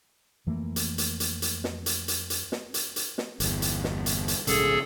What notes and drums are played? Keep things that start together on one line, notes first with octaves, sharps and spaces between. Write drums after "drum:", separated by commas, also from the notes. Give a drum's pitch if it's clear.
F2 E3 A3 A#3
drum: hi-hat
drum: hi-hat
drum: hi-hat
drum: hi-hat
drum: snare
drum: hi-hat
drum: hi-hat
drum: hi-hat
drum: snare
drum: hi-hat
drum: hi-hat
drum: snare
G1 E2, drum: hi-hat
drum: hi-hat
drum: snare
drum: hi-hat
drum: hi-hat
A#1 G#2 C#3 G#4 A4, drum: hi-hat